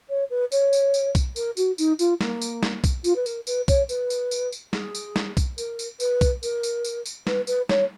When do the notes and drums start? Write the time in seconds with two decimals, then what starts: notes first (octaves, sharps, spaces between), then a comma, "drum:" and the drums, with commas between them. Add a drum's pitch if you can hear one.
0.09 C#5
0.30 B4
0.52 C#5, drum: tambourine
0.73 drum: tambourine
0.94 drum: tambourine
1.15 drum: kick, tambourine
1.36 A#4, drum: tambourine
1.57 F#4, drum: tambourine
1.78 D#4, drum: tambourine
1.99 F4, drum: tambourine
2.21 A#3, drum: snare
2.42 drum: tambourine
2.63 drum: snare
2.84 drum: kick, tambourine
3.04 F4, drum: tambourine
3.16 B4
3.26 A#4, drum: tambourine
3.47 B4, drum: tambourine
3.68 C#5, drum: kick, tambourine
3.89 B4, drum: tambourine
4.10 drum: tambourine
4.31 drum: tambourine
4.52 drum: tambourine
4.73 G#4, drum: snare
4.95 drum: tambourine
5.16 drum: snare
5.37 drum: kick, tambourine
5.58 A#4, drum: tambourine
5.79 drum: tambourine
6.00 B4, drum: tambourine
6.21 drum: kick, tambourine
6.43 A#4, drum: tambourine
6.63 drum: tambourine
6.84 drum: tambourine
7.06 drum: tambourine
7.27 B4, drum: snare
7.47 B4, drum: tambourine
7.69 C#5, drum: snare